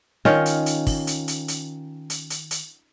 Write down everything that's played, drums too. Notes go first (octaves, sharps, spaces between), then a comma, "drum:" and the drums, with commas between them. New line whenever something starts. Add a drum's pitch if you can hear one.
D#3 C#4 F4, drum: snare D4
drum: hi-hat
drum: hi-hat
drum: kick, open hi-hat
drum: hi-hat
drum: hi-hat
drum: hi-hat
drum: hi-hat
drum: hi-hat
drum: hi-hat